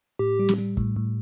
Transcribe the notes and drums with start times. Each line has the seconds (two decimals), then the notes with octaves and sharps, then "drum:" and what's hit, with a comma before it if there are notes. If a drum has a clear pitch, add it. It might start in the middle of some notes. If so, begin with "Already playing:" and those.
0.19 A2 G4
0.39 G3
0.49 drum: snare
0.58 G3
0.77 A2, drum: kick
0.96 A2